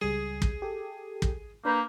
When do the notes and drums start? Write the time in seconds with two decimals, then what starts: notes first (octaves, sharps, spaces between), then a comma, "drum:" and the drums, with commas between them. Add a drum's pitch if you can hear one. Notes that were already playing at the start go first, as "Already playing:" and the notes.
0.01 C#2 G3 G#4
0.42 drum: kick
0.62 G4 A4
1.22 drum: kick
1.65 A#3 D4 B4 A#5 B5 G6